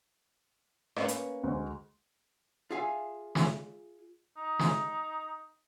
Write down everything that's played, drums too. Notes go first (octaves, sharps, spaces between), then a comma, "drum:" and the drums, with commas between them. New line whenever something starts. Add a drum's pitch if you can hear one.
A#3 C#4 B4, drum: rim click
drum: hi-hat
D2 G#3
F4 G#4 E5 F5 G#5
drum: snare
D#4
drum: snare